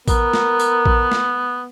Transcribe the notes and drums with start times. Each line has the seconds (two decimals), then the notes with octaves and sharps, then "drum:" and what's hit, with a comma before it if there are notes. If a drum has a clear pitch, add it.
0.08 B3 A#4, drum: kick A#1, tambourine
0.34 drum: snare
0.60 drum: tambourine
0.86 drum: kick A#1
1.12 drum: snare